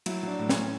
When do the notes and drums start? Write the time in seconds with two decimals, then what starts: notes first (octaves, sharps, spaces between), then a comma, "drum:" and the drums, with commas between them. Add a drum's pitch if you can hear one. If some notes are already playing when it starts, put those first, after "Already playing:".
0.06 F#3 E4, drum: cymbal
0.23 F#3 D4
0.39 A2
0.49 C#4, drum: snare
0.55 A2